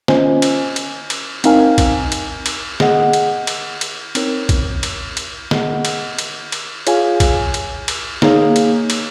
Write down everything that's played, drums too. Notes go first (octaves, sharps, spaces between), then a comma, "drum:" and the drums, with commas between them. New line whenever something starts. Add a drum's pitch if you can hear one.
C#4 F4 C5 D#5 G#5, drum: snare
drum: cymbal
drum: cymbal
drum: cymbal
C4 D#4 A#4 F5 G#5, drum: cymbal
drum: kick A#1, cymbal
drum: cymbal
drum: cymbal
G#4 D#5 F#5, drum: snare
drum: cymbal
drum: cymbal
drum: cymbal
C4 D#4 A#4 C#5, drum: cymbal
drum: kick A#1, cymbal
drum: cymbal
drum: cymbal
G#4 D#5 F#5, drum: snare
drum: cymbal
drum: cymbal
drum: cymbal
F4 G#4 C#5 F5 G#5, drum: cymbal
drum: kick A#1, cymbal
drum: cymbal
drum: cymbal
A#3 D#4 G#4 C#5 F5, drum: snare
drum: cymbal
drum: cymbal